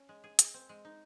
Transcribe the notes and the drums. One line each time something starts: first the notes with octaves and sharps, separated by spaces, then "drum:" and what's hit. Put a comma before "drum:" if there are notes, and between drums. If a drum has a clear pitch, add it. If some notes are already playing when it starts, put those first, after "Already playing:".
Already playing: C#4
G#3
G#4
G#4, drum: hi-hat
C4
G#3
D#4